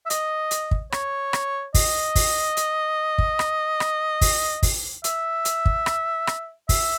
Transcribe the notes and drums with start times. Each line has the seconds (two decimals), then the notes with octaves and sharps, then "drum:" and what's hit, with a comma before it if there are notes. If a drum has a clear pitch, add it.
0.06 E5
0.10 D#5, drum: hi-hat
0.51 drum: hi-hat
0.71 drum: kick
0.92 C#5, drum: rim click
1.33 drum: rim click
1.74 D#5, drum: kick, open hi-hat
2.15 drum: kick, open hi-hat
2.57 drum: hi-hat
3.18 drum: kick
3.39 drum: rim click
3.80 drum: rim click
4.21 drum: kick, open hi-hat
4.63 drum: kick, open hi-hat
5.04 E5, drum: hi-hat
5.45 drum: hi-hat
5.66 drum: kick
5.86 drum: rim click
6.27 drum: rim click
6.69 E5, drum: kick, open hi-hat